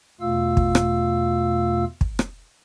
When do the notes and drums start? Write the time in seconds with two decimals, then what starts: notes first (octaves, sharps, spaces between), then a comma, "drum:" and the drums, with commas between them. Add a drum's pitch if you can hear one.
0.21 E2 B2 A3 F4 F5 E6
0.57 drum: kick
0.75 drum: rim click
2.01 drum: kick
2.19 drum: rim click